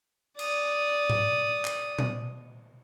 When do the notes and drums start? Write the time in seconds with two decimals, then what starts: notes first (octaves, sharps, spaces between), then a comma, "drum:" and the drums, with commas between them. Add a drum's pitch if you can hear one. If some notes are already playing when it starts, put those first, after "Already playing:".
0.39 D5 D#6, drum: cymbal
1.10 drum: tom G#2
1.65 drum: clap
1.99 drum: tom